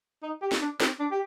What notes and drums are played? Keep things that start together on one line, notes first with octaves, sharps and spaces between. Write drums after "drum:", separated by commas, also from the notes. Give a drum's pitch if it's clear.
D#4
G4
drum: snare
D4
C4, drum: snare
D4
G4